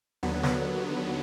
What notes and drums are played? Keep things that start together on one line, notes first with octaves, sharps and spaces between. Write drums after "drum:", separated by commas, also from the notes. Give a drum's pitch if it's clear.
D#2 D3 F#3 B3
drum: snare